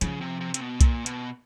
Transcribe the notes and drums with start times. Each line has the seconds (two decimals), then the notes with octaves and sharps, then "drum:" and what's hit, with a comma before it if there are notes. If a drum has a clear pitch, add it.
0.01 C#3 F3, drum: hi-hat
0.21 C3
0.41 C3
0.54 C3, drum: hi-hat
0.61 B2
0.81 A#2, drum: kick B1, hi-hat
1.06 B2, drum: hi-hat